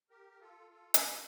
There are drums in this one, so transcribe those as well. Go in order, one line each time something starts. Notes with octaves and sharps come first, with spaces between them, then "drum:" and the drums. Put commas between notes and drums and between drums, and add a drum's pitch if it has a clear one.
G4 A#4
A#4
F4 A4
F4 A4
D#4 G4, drum: hi-hat
F4